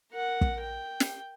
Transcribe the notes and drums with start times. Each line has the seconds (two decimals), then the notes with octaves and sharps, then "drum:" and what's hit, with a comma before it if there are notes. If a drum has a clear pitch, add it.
0.12 A#4 F#5
0.41 drum: kick
0.60 G5
1.00 drum: snare